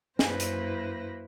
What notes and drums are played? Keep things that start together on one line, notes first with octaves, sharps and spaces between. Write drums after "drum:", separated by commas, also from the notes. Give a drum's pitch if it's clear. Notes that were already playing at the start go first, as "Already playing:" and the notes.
F#2 A#3 E4 B4 C5 A#6, drum: snare
drum: hi-hat